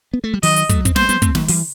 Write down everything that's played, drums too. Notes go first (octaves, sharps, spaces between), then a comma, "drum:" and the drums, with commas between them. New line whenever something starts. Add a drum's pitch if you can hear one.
B3
A3
G3
D#3 F#3 D#5, drum: open hi-hat
drum: hi-hat
F#3 A3, drum: kick, hi-hat
C4, drum: kick, hi-hat
G3 B3 C5, drum: snare
G3 B3, drum: hi-hat
A3 C4, drum: kick, hi-hat
D#3 F#3, drum: snare
E3 G3, drum: open hi-hat